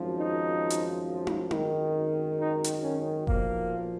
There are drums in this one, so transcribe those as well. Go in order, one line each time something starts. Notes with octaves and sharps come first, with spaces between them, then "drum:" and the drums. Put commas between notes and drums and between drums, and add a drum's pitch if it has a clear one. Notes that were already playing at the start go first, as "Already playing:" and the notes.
Already playing: G#1 F#2 F3
D#4
drum: hi-hat
drum: tom D#4
G#1 F#2 D#3, drum: tom D#4
D#4
drum: hi-hat
C#4
B1 A#2 F3 A#3, drum: kick F#1